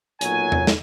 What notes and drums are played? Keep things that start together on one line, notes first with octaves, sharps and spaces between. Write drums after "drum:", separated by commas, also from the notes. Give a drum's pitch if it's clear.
B1 A#2 F#3 C#5 G#5, drum: hi-hat
drum: tom E2
drum: snare